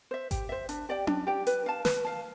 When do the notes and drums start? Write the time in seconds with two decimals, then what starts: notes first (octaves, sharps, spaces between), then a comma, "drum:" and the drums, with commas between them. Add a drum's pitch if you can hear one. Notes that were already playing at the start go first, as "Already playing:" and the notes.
0.11 C5 E5
0.31 G4, drum: kick G#1, hi-hat
0.49 C5 E5
0.69 D4, drum: hi-hat
0.89 G4 D5 G5
1.07 D4, drum: tom C#4
1.27 G4 D5 G5
1.47 B4, drum: hi-hat
1.66 F5 A5
1.85 B4, drum: snare
2.04 F5 A5